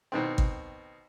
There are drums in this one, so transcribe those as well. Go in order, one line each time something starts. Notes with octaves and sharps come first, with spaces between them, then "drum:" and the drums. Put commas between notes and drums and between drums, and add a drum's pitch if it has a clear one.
B2 D#3 C4
drum: kick